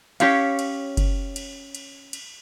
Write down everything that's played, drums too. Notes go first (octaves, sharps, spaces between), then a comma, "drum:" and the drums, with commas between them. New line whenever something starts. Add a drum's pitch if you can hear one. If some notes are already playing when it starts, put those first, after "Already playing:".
C#4 G4 C#5 F5, drum: cymbal
drum: cymbal
drum: kick F#1, cymbal
drum: cymbal
drum: cymbal
drum: cymbal